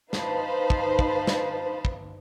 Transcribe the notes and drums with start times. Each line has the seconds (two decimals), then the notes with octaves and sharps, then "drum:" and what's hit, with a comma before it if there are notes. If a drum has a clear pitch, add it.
0.13 D#4 B4 C5 F5 A5 B5, drum: snare
0.70 drum: kick
0.99 drum: kick
1.27 drum: snare
1.85 drum: kick